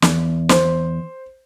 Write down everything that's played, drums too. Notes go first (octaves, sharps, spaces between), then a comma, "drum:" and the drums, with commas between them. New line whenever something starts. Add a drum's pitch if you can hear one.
E2, drum: snare
C5, drum: snare